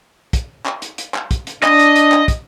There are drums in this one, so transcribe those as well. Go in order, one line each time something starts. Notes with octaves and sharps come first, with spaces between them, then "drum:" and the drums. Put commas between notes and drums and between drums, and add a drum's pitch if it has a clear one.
drum: kick, hi-hat
drum: clap
drum: hi-hat
drum: hi-hat
drum: clap
drum: kick, hi-hat
drum: hi-hat
D4 D#5, drum: clap
drum: hi-hat
drum: hi-hat
drum: clap
drum: kick, hi-hat